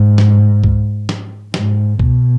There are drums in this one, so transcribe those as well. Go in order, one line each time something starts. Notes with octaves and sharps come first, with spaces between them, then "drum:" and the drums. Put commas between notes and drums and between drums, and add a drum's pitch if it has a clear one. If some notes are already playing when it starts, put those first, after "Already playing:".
Already playing: G#2
drum: snare
drum: kick C2
drum: snare
G#2, drum: snare
B2, drum: kick C2